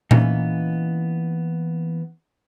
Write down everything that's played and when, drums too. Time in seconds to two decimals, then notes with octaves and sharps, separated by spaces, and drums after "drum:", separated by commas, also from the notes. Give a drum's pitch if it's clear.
0.11 E3 A#3 B3 C#4 D#4, drum: tom A#2